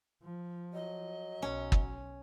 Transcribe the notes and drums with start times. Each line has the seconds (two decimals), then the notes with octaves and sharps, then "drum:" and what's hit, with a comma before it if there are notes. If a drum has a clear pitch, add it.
0.23 F3
0.74 F#3 D#5
1.42 B1 C#4
1.72 drum: kick